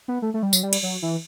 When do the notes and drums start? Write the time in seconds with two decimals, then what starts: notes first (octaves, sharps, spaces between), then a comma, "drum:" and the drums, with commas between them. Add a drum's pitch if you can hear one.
0.08 B3
0.22 A3
0.34 A3
0.43 G3
0.53 F#3, drum: tambourine
0.63 G3
0.73 drum: cymbal
0.83 F#3
1.02 E3